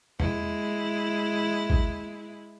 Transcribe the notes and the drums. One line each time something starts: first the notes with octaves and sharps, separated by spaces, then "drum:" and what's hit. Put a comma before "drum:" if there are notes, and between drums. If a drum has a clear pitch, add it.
G#3 E4, drum: tom E2
drum: kick